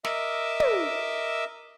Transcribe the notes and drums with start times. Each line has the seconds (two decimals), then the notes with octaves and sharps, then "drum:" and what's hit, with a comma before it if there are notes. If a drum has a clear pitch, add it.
0.04 A#4 D#5 E5 D6 E6, drum: snare
0.60 drum: tom